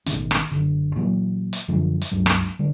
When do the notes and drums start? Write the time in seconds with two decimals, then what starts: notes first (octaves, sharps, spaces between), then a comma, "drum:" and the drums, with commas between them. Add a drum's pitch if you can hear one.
0.06 A1 B2 D#3 C#4, drum: hi-hat
0.31 drum: rim click
0.51 F#1 D3
0.96 A#2 E3 F#3 A#3
1.53 drum: hi-hat
1.68 F#2 D3 F3 G3
2.02 drum: hi-hat
2.12 C#2 G2 F#3
2.26 drum: rim click
2.59 D3 G3